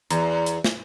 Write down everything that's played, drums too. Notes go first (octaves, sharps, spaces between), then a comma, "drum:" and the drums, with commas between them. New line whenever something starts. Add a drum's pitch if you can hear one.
E2, drum: hi-hat
drum: hi-hat
drum: snare